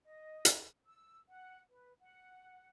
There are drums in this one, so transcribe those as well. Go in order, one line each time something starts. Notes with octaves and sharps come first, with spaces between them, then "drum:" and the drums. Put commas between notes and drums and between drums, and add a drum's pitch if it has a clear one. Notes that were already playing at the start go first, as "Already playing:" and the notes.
D#5
drum: hi-hat
E6
F#5
B4
F#5